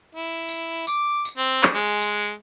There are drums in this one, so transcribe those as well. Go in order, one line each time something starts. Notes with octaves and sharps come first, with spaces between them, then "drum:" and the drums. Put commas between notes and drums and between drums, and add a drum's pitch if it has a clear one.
E4
drum: tambourine
D6, drum: tambourine
drum: tambourine
C4
drum: clap
G#3
drum: tambourine